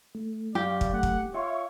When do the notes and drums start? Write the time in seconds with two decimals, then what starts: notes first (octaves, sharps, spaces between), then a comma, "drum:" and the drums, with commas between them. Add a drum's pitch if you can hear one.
0.15 A3
0.55 F#2 G4 D5 F5
0.81 drum: kick
0.93 A3 F#5
1.03 drum: kick
1.34 F4 C#5 E5 C#6